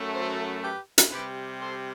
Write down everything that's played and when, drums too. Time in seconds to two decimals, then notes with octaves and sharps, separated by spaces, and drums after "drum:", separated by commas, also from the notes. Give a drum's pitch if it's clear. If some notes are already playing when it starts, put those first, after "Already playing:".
Already playing: F#2 F#3 A3
0.13 A4 C5
0.62 G4 B4
0.98 drum: hi-hat
1.10 C3 G3 G4 B4
1.60 A4 C5